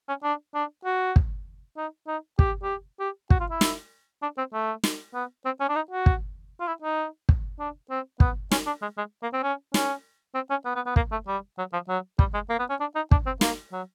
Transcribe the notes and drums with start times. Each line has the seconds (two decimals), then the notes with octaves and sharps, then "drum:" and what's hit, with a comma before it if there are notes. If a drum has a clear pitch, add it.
0.08 C#4
0.24 D4
0.55 D4
0.85 F#4
1.16 drum: kick
1.77 D#4
2.07 D#4
2.39 G4, drum: kick
2.63 G4
3.00 G4
3.30 F#4, drum: kick
3.40 F4
3.50 E4
3.61 drum: snare
4.22 D4
4.38 C4
4.53 A3
4.84 drum: snare
5.14 B3
5.45 C4
5.60 C#4
5.69 D4
5.76 D#4
5.91 F#4
6.06 drum: kick
6.60 F4
6.67 E4
6.82 D#4
7.29 drum: kick
7.59 D4
7.90 C4
8.20 B3, drum: kick
8.51 C#4, drum: snare
8.66 D4
8.82 G#3
8.98 G#3
9.23 A#3
9.33 C4
9.43 C#4
9.74 C#4, drum: snare
10.35 C4
10.50 C#4
10.66 B3
10.76 B3
10.86 B3
10.96 A#3, drum: kick
11.12 A3
11.28 G3
11.58 F#3
11.73 F3
11.88 F#3
12.19 G3, drum: kick
12.34 G#3
12.50 A#3
12.59 B3
12.70 C#4
12.80 D4
12.96 D#4
13.11 D4, drum: kick
13.26 C4
13.41 A#3, drum: snare
13.72 F#3